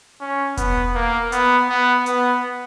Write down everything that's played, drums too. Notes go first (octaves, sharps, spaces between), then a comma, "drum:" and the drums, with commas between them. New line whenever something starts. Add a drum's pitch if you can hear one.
C#4
B3, drum: kick E1, hi-hat
A#3
B3, drum: hi-hat
B3
B3, drum: hi-hat